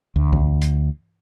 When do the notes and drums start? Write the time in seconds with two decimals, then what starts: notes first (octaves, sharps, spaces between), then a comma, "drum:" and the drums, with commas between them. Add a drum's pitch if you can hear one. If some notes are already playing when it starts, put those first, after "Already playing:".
0.16 D2
0.33 drum: kick C2
0.62 drum: hi-hat